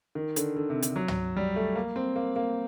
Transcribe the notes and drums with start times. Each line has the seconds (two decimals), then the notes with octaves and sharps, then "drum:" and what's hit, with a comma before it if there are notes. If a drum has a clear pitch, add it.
0.15 D#3
0.36 D3, drum: hi-hat
0.56 D3
0.70 C3
0.82 D3, drum: hi-hat
0.96 F#3
1.08 drum: tom
1.36 G3
1.56 A3
1.75 A#3
1.96 C4
2.16 A#3
2.36 A#3